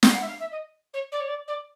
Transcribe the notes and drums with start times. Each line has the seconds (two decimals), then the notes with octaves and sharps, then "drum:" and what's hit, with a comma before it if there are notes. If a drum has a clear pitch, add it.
0.03 G5, drum: snare
0.09 F5
0.15 F#5
0.22 E5
0.27 F5
0.40 E5
0.51 D#5
0.93 C#5
1.12 D5
1.20 C#5
1.27 D5
1.47 D5